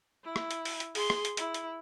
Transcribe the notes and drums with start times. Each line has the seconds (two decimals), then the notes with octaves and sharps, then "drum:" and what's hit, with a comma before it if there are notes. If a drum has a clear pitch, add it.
0.24 E4
0.36 drum: rim click
0.51 drum: hi-hat
0.65 drum: open hi-hat
0.80 drum: hi-hat
0.95 G#4 C6, drum: open hi-hat
1.10 drum: rim click
1.25 drum: hi-hat
1.37 E4, drum: hi-hat
1.54 drum: hi-hat